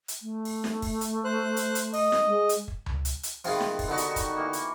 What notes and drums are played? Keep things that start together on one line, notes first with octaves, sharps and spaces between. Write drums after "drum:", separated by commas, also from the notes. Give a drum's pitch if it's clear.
drum: hi-hat
A3
drum: open hi-hat
drum: snare
drum: kick, open hi-hat
drum: hi-hat
C5 F#6
drum: hi-hat
drum: hi-hat
D#5, drum: open hi-hat
drum: snare
G#3
drum: hi-hat
drum: kick
drum: tom C#2
drum: hi-hat
drum: hi-hat
C3 D#3 F3 B3 F4 G#4, drum: open hi-hat
drum: snare
drum: kick, open hi-hat
D3 B3 D#4 F#4 G4
drum: hi-hat
drum: kick, hi-hat
E3 A#3
drum: hi-hat